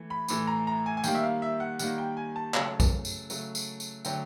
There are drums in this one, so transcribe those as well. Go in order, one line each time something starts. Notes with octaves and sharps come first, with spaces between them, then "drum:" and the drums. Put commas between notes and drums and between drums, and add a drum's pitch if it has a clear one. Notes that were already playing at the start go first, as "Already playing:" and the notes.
Already playing: E3 A3
B5
A2 E3 A3 B5, drum: tambourine
A#5
A#5
G#5
G#5
D#3 G3 A#3 G5, drum: tambourine
E5
F5
E5
F#5
D#3 G3 A#3 F#5, drum: tambourine
G5
G#5
A5
C#3 F#3 A3 A5, drum: clap
drum: kick B1, tambourine
drum: tambourine
C#3 F#3 A3, drum: tambourine
drum: tambourine
drum: tambourine
D3 F#3 A3 G5, drum: tambourine